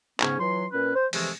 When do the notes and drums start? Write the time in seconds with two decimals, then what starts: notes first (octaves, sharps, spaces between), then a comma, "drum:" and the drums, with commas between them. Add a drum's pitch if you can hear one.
0.20 G#2 C#3 B3 C#4, drum: clap
0.38 E3 F#3 F4 C6
0.71 A#2 C#4 B4
0.94 C5
1.13 C3 E3 F3 G#3 A3, drum: open hi-hat